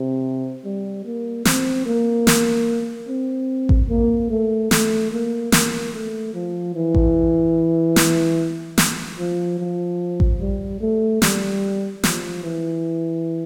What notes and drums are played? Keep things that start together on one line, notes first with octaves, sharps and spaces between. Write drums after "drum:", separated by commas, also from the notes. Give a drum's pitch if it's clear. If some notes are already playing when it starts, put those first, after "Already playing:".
Already playing: C3
G3
A#3
C4, drum: snare
A#3
drum: snare
C4
drum: kick A1
A#3
A3
A3, drum: snare
A#3
A#3, drum: snare
A3
F3
E3
drum: kick A1
drum: snare
drum: snare
F3
F3
drum: kick A1
G3
A3
G3, drum: snare
F3, drum: snare
E3